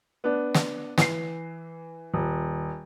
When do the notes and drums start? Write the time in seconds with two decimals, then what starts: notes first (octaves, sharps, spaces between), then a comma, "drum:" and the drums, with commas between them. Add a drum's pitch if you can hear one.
0.24 B3 D4
0.55 drum: snare
0.98 E3 C7, drum: snare
2.14 D#1